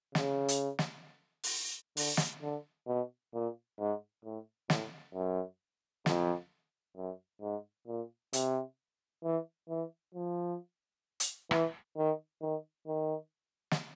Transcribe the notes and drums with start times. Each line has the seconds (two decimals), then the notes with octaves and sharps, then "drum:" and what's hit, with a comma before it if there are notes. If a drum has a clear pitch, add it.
0.15 C#3, drum: snare
0.48 drum: hi-hat
0.79 drum: snare
1.43 drum: open hi-hat
1.97 D3, drum: open hi-hat
2.17 drum: snare
2.42 D3
2.87 B2
3.34 A#2
3.79 G#2
4.24 A2
4.70 A2, drum: snare
5.14 F#2
6.06 F2, drum: snare
6.96 F#2
7.42 G#2
7.87 A#2
8.33 C3, drum: hi-hat
9.24 E3
9.69 E3
10.15 F3
11.20 drum: hi-hat
11.51 E3, drum: rim click
11.97 D#3
12.41 D#3
12.87 D#3
13.71 drum: snare